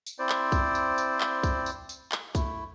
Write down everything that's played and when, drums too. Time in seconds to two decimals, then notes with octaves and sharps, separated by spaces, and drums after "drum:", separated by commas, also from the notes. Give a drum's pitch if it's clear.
0.06 drum: tambourine
0.19 C4 E4 C5 D5
0.29 drum: clap
0.52 drum: kick B1, tambourine
0.75 drum: tambourine
0.98 drum: tambourine
1.21 drum: clap
1.43 drum: kick B1, tambourine
1.66 drum: tambourine
1.89 drum: tambourine
2.12 drum: clap
2.35 A3 E4, drum: kick B1, tambourine